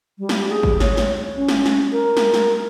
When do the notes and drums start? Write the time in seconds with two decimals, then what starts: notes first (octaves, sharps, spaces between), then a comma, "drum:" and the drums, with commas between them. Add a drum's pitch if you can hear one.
0.19 G3
0.29 drum: snare
0.50 G#4
0.63 drum: kick
0.80 C#5, drum: snare
0.97 drum: snare
1.37 C#4
1.49 drum: snare
1.66 drum: snare
1.92 A#4
2.17 drum: snare
2.34 drum: snare